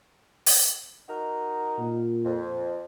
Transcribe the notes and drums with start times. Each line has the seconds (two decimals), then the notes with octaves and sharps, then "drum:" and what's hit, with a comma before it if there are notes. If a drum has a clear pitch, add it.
0.46 drum: open hi-hat
1.08 D#4 F#4 A#4
1.78 A#2
2.25 F2